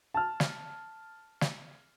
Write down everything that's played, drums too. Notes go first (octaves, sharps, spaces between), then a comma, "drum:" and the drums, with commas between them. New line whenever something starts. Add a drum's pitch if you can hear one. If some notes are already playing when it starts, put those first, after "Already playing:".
A5 F6
drum: snare
drum: snare